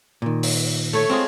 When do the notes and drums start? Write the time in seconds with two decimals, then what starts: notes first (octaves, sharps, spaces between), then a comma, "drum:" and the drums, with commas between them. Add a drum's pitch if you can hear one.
0.22 A#2 D#3
0.43 drum: open hi-hat
0.93 A3 C#5
1.10 G#3 C4 F4 G#4